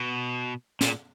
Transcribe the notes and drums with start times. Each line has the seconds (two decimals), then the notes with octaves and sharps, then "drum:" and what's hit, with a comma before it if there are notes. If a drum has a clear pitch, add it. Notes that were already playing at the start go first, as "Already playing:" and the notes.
Already playing: B2
0.81 A#2, drum: snare